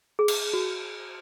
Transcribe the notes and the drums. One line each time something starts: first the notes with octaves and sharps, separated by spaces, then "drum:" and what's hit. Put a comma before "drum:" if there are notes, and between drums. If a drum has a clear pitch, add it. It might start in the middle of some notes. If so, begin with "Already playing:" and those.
G#4
drum: cymbal
F#4